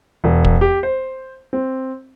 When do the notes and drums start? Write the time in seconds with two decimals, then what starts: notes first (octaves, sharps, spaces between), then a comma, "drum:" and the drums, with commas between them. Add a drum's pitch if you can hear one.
0.24 E1
0.44 drum: kick
0.61 G4
0.83 C5
1.53 C4